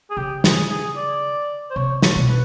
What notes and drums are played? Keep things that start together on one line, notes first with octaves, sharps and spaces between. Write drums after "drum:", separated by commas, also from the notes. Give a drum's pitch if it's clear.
G#4
C#3 G4
G#4, drum: snare
G#4
D5
C5
C3 C#5
C#5, drum: snare
B2
B4